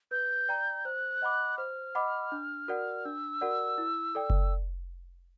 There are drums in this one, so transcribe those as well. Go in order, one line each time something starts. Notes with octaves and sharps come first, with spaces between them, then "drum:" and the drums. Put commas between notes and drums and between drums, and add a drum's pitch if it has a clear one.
B4 G6
D5 G5 A#5
C5 F#6
D#5 F#5 B5 D6
C5 F6
D#5 F#5 B5 D6
D4
F#4 A#4 D5 F#5
D4 E6
F#4 A#4 D5 F#5
E4
A4 D5 G5
drum: kick F#1